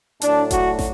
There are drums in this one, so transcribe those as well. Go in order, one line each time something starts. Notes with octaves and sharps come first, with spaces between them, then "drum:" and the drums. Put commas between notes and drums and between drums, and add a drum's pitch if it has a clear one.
A2 F#3 A3 D4, drum: hi-hat
F#4, drum: kick E1, hi-hat
drum: snare